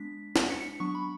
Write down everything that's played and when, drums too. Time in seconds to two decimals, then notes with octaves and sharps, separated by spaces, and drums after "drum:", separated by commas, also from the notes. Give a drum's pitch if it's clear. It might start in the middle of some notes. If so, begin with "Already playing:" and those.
Already playing: G#3 B3 D4 B6
0.36 drum: snare
0.50 C#7
0.60 C#7
0.80 F#3 B3 D4 C#6
0.95 B5